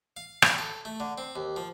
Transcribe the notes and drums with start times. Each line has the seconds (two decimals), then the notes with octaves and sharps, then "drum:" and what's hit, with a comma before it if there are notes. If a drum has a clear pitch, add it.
0.17 F5
0.42 B4, drum: rim click
0.58 A4
0.85 A3
1.00 D3
1.18 C4
1.36 D#2
1.56 F3